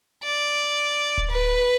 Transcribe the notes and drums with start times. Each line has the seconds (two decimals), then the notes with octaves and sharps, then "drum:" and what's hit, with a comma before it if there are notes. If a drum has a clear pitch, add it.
0.24 D5
1.18 drum: kick D1
1.31 B4